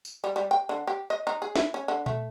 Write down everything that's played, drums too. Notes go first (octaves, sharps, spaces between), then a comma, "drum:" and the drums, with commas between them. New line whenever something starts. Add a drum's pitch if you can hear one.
drum: tambourine
G3
G3
G5
D3
G4
D#5
D#4
G#4
E4, drum: snare
C#4
D3
A3, drum: tom A#2